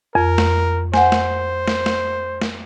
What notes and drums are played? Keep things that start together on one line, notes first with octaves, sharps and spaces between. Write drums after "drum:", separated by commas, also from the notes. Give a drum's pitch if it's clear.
F2 A#4
drum: snare
C5 F#5 G#5, drum: snare
drum: snare
drum: snare
drum: snare
drum: snare